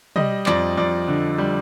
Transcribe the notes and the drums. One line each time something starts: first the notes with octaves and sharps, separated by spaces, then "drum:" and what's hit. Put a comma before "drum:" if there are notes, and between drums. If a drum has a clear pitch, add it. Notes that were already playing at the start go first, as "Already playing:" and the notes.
G3 D#5, drum: tom
F2 D5, drum: clap
F2 D5
D3
G3